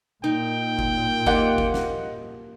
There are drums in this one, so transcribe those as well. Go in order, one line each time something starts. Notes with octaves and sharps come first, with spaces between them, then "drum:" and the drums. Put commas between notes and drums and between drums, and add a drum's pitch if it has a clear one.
A#2 D#4 G5
drum: kick F#1
A#3 D#4 F4 G4 F#5, drum: kick F#1
drum: kick F#1
drum: snare